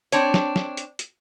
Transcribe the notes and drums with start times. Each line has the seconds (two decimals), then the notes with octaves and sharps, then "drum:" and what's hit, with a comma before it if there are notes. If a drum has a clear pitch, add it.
0.12 C4 D4 C#5, drum: hi-hat
0.34 drum: snare
0.56 drum: snare
0.77 drum: hi-hat
0.99 drum: hi-hat